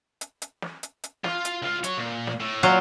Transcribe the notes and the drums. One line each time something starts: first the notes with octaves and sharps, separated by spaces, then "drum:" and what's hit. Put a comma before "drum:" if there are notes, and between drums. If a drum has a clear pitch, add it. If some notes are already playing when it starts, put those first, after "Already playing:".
drum: hi-hat
drum: hi-hat
drum: snare
drum: hi-hat
drum: hi-hat
F4, drum: snare
drum: hi-hat
C#2 F4
F#4 C#5, drum: hi-hat
A#2
drum: snare
A2
A#2 F#3 F4